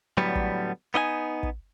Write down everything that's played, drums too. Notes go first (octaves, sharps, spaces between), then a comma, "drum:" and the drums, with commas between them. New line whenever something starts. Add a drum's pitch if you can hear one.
A2 D3 F#3 G3 B3
drum: kick
B3 D#4 D#5 G#5
drum: kick